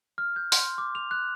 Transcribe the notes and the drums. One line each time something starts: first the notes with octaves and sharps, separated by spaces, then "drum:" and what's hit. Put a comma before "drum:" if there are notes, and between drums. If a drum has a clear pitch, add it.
F6
G6
C6, drum: open hi-hat
D6
F7
F#6